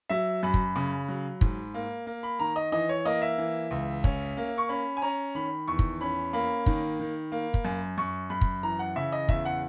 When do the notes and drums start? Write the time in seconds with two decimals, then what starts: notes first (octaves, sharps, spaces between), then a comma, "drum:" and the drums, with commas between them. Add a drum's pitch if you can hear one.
0.10 F#3 E5
0.43 F#2 B5
0.54 drum: kick
0.76 C#3
1.08 F#3
1.41 G#2, drum: kick
1.74 A#3
2.07 A#3
2.23 B5
2.39 D#3 A#5
2.56 D#5
2.72 E3 D#5
2.89 C#5
3.05 A#3 D#5
3.22 E5
3.38 E3
3.71 C#2
4.04 C#4, drum: kick
4.37 A#3
4.58 C#6
4.69 C#4 B5
4.97 G#5
5.02 C#4 A#5
5.35 D#3 B5
5.67 E2 C#6
5.79 drum: kick
6.01 C#4 B5
6.33 A#3 B5
6.66 D#3, drum: kick
6.99 D#3
7.32 A#3
7.54 drum: kick
7.65 F#2
7.98 F#2 C#6
8.30 F#2 B5
8.41 drum: kick
8.63 E3 A#5
8.79 F#5
8.96 C#3 E5
9.12 D#5
9.28 E2 E5, drum: kick
9.45 F#5